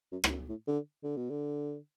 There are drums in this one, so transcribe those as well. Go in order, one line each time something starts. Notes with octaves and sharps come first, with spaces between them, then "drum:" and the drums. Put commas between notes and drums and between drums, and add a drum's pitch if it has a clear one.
F#2
A2, drum: rim click
F#2
A2
D3
D3
B2
D3